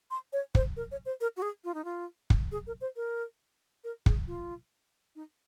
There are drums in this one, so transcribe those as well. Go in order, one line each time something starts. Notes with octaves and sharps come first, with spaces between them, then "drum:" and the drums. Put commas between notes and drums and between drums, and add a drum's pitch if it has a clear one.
C6
C#5
C5, drum: kick
A#4
C#5
C5
A#4
F#4
G#4
F4
D#4
F4
drum: kick
G#4
A#4
C5
A#4
A#4
G#4, drum: kick
F4
D#4